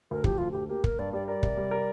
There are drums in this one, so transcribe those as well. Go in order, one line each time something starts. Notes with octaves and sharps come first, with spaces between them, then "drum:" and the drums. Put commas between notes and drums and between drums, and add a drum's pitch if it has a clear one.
D2 A#4
F3 G4, drum: kick
D2 F4
D2 G4
A#3 G4
A#3 A#4, drum: kick
G2 D5
G3 D5
A#4 D5
C3, drum: kick
G3
A#4